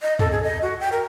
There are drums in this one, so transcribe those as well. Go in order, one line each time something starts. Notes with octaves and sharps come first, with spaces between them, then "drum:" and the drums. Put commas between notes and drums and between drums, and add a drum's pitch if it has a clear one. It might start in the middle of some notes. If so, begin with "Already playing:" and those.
D#5
A4, drum: tom
G#4
D#5
F#4
G5
A#4